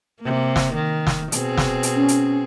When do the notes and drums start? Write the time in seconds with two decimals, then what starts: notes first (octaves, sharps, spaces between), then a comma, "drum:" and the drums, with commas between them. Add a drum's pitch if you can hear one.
0.22 C3 A#3
0.56 drum: snare
0.75 D#3
1.07 drum: snare
1.32 B2 C4 G#4, drum: hi-hat
1.58 drum: snare
1.83 drum: hi-hat
1.96 C#4
2.08 drum: hi-hat